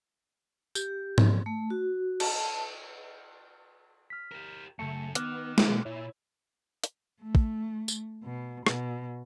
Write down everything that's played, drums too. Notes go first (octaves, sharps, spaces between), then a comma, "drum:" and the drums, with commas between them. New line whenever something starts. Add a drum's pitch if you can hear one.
G4, drum: tambourine
drum: tom G#2
A3
F#4
A5, drum: cymbal
F6 B6
G4 A#4
F#2 C#3 A3 A5 C#7
D#3 B3 D6 F6 F#6, drum: hi-hat
B2, drum: snare G#3
A#2 E4 C#5
drum: hi-hat
A3
drum: kick
drum: tambourine
B2
B2, drum: rim click